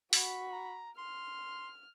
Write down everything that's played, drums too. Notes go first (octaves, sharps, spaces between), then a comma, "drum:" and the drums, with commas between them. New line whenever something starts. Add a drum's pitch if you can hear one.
F#4 B5, drum: open hi-hat
A#5
C6 F6